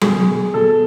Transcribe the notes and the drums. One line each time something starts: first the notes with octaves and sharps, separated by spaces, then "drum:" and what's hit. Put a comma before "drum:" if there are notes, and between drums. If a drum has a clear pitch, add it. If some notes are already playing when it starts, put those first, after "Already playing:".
B2 G#4, drum: tom F#3
B2 A4